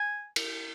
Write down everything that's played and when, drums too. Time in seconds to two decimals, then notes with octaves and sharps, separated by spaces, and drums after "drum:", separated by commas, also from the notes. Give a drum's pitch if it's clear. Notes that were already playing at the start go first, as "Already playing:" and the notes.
Already playing: G#5
0.36 drum: cymbal